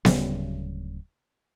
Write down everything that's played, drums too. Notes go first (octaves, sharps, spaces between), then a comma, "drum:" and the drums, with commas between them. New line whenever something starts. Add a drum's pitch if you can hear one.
D1 C#3 G3, drum: snare B3